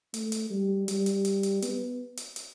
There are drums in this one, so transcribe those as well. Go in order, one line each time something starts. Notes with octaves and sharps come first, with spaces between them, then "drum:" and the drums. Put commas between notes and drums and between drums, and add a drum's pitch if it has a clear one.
A3, drum: hi-hat
drum: hi-hat
G3
G3, drum: hi-hat
drum: hi-hat
drum: hi-hat
drum: hi-hat
B3, drum: hi-hat
drum: hi-hat
drum: hi-hat